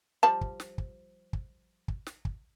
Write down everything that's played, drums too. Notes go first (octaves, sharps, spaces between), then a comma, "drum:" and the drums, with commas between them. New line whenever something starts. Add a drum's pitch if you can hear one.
F3 G3 A5
drum: kick
drum: snare
drum: kick
drum: kick
drum: kick
drum: snare
drum: kick